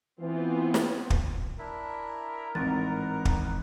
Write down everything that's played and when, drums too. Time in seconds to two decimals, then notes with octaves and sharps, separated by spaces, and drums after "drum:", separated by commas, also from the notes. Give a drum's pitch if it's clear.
0.20 E3 B3 C4 F4
0.74 drum: snare
1.10 drum: kick
1.59 D4 E4 A#4 E5
2.55 A1 G#2 C4 B4 F#5 A6
3.25 drum: kick